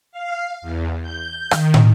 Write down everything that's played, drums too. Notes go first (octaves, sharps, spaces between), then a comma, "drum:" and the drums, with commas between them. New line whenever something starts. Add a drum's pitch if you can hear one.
F5
E2
G6
D#3, drum: rim click
drum: tom